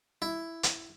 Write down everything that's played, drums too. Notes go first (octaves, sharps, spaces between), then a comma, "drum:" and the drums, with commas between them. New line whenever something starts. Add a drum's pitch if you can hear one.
E4
drum: hi-hat